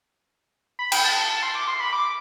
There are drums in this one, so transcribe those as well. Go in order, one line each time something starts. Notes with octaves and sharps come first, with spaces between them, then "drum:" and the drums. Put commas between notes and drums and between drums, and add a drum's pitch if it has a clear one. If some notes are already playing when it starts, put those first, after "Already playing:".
B5
G5, drum: cymbal
A5
A5
A5
C6
D6
C6
B5
D6